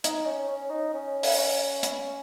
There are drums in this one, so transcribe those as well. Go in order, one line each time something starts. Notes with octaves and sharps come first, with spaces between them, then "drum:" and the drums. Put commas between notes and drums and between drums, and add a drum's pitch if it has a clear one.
D#4, drum: hi-hat
C#4
C#4
D#4
C#4
drum: open hi-hat
C#4
drum: hi-hat